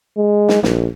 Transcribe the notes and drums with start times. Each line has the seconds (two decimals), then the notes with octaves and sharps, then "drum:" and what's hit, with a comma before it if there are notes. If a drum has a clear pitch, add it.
0.17 G#3
0.49 drum: snare
0.63 A#1, drum: snare